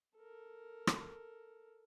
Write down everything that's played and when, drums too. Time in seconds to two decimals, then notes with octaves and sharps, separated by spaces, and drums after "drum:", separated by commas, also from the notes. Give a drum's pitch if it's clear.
0.17 A4 A#4
0.87 drum: rim click